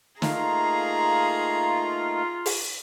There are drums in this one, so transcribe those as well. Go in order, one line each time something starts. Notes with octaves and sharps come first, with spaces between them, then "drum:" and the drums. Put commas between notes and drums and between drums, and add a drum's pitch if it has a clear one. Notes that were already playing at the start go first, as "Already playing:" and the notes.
A3 A#3 D#4 F4 G#4 A#5, drum: snare
drum: open hi-hat